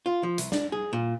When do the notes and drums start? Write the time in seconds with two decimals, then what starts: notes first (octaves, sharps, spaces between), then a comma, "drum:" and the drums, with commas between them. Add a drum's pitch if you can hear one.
0.06 F4
0.23 F3
0.38 C2, drum: hi-hat
0.52 D4, drum: snare
0.72 G#4
0.93 A#2